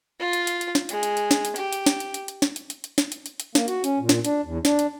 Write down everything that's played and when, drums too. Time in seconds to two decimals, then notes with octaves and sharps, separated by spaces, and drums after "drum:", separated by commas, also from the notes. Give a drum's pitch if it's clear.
0.20 F4
0.33 drum: hi-hat
0.47 drum: hi-hat
0.61 drum: hi-hat
0.75 drum: snare
0.89 G#3, drum: hi-hat
1.03 drum: hi-hat
1.17 drum: hi-hat
1.31 drum: snare
1.45 drum: hi-hat
1.56 G4, drum: hi-hat
1.73 drum: hi-hat
1.86 drum: snare
2.00 drum: hi-hat
2.14 drum: hi-hat
2.28 drum: hi-hat
2.42 drum: snare
2.56 drum: hi-hat
2.70 drum: hi-hat
2.84 drum: hi-hat
2.98 drum: snare
3.12 drum: hi-hat
3.26 drum: hi-hat
3.40 drum: hi-hat
3.55 A#3, drum: snare
3.68 F#4, drum: hi-hat
3.84 C#4, drum: hi-hat
3.99 A#2
4.09 drum: snare
4.25 D4, drum: hi-hat
4.45 E2
4.65 D4, drum: snare
4.79 drum: hi-hat